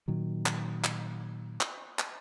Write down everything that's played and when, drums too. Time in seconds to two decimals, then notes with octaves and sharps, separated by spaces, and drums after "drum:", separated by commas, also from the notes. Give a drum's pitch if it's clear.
0.08 A#2 D#3 F#3
0.46 drum: clap
0.84 drum: clap
1.61 drum: clap
1.99 drum: clap